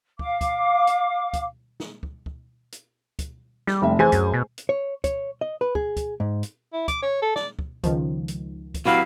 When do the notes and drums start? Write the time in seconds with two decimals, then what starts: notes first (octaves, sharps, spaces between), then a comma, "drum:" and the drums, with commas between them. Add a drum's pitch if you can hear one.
0.19 F5 D6, drum: kick
0.41 drum: kick, hi-hat
0.87 drum: hi-hat
1.33 drum: kick, hi-hat
1.80 drum: snare
2.03 drum: kick
2.26 drum: kick
2.72 drum: hi-hat
3.19 drum: kick, hi-hat
3.67 G3, drum: snare
3.82 F1 E5
3.99 E3 G#4 C5 G#5
4.12 F#2, drum: kick, hi-hat
4.34 B2
4.58 drum: hi-hat
4.69 C#5
5.04 C#5, drum: kick, hi-hat
5.41 D#5
5.61 B4
5.75 G#4, drum: kick
5.97 drum: kick, hi-hat
6.20 G#2
6.43 drum: hi-hat
6.73 E4
6.88 D6, drum: kick, hi-hat
7.03 C#5
7.22 A4
7.36 D5, drum: snare
7.59 drum: kick
7.84 C#2 D#3 F3, drum: kick, hi-hat
8.28 drum: hi-hat
8.74 drum: kick, hi-hat
8.85 C3 F#3 E4 F#4 G4 B4 F5